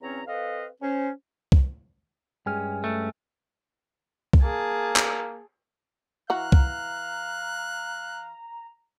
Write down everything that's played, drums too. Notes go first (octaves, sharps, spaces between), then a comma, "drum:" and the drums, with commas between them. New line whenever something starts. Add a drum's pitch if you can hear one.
E2 C4 C#4 C#5 A#5
C4 A4 B4 D#5 F5
C#4 C5
drum: kick C2
G2 G#3 C#4 G5 G#5 F6
A3
drum: kick C2
A#3 G#4 A5
drum: clap
E3 F#4 F5 A#5 F#6
drum: kick C2